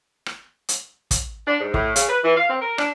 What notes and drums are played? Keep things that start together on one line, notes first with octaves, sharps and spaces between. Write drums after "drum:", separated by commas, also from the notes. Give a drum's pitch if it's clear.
drum: rim click
drum: hi-hat
drum: kick, hi-hat
D4
G#2
A2, drum: kick
C#3, drum: hi-hat
B4
E3
F5
C4
A#4
D4, drum: rim click